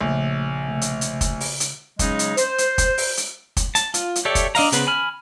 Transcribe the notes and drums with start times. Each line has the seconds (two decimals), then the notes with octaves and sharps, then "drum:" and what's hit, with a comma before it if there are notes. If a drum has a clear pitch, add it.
0.01 A#1 C#3 A3
0.68 C3 A3
0.81 drum: hi-hat
1.01 drum: hi-hat
1.21 drum: kick, hi-hat
1.40 drum: open hi-hat
1.60 drum: hi-hat
1.99 C#3 F#3 G#3 C#4 D#4, drum: kick, hi-hat
2.19 drum: hi-hat
2.37 C5, drum: hi-hat
2.58 drum: hi-hat
2.78 drum: kick, hi-hat
2.98 drum: open hi-hat
3.17 drum: hi-hat
3.57 drum: kick, hi-hat
3.75 A5, drum: hi-hat
3.94 F4, drum: hi-hat
4.16 drum: hi-hat
4.25 G4 A4 C#5 D5 E5
4.35 drum: kick, hi-hat
4.55 D4 D#5 F5 A#5, drum: open hi-hat
4.72 C#3 B3 B4 C5, drum: hi-hat
4.87 G#5 B5 F6